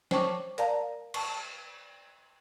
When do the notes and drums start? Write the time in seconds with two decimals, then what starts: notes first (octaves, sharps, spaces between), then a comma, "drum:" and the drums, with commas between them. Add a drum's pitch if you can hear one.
0.11 C5 C#5 G5 A5 C#6 D6, drum: snare
0.58 A#4 D5 F5 A5 A#5, drum: hi-hat
1.14 A5 C#6, drum: cymbal